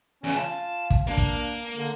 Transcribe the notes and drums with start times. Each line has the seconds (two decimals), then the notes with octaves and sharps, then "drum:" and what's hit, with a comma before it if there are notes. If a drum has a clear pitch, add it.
0.24 E2 C#3 C#4
0.37 F4 A5
0.90 drum: kick
1.07 A#3 D4
1.17 drum: kick
1.77 D3